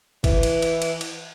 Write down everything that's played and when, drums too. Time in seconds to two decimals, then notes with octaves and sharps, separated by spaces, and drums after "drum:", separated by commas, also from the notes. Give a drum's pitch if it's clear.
0.24 E3, drum: kick G1, cymbal
0.43 drum: cymbal
0.62 drum: cymbal
0.82 drum: cymbal
1.01 drum: cymbal